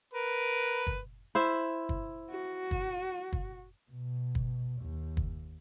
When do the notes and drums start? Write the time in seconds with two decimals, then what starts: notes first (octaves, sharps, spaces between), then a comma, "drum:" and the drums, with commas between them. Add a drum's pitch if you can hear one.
0.14 A#4 B4
0.87 drum: kick
1.35 E4 C5 E5
1.89 drum: kick
2.30 F#4
2.71 drum: kick
3.33 drum: kick
3.91 B2
4.35 drum: kick
4.81 D#2
5.17 drum: kick